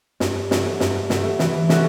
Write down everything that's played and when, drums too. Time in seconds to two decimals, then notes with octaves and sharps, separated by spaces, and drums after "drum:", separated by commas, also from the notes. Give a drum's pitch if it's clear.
0.20 G2, drum: snare
0.51 F#3 A3, drum: snare
0.80 G2, drum: snare
1.10 F#3 A3, drum: snare
1.39 E3, drum: snare
1.69 G3 C#4 F#4 A4, drum: snare